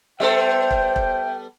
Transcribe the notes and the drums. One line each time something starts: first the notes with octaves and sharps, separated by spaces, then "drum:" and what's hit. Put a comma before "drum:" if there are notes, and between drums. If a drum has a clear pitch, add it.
G3 B3 A4 C5 E5 G5
drum: kick E1
drum: kick E1